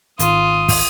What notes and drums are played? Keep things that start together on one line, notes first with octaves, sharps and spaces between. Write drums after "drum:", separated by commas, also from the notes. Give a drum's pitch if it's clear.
G#1 F4 D#6, drum: hi-hat
drum: kick, open hi-hat